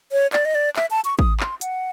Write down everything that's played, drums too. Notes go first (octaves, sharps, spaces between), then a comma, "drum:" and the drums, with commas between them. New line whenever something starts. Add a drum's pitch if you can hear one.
C#5
D5, drum: clap
D#5
D5
E5, drum: clap
A5
C#6
D#6, drum: kick
C6, drum: clap
F#5, drum: hi-hat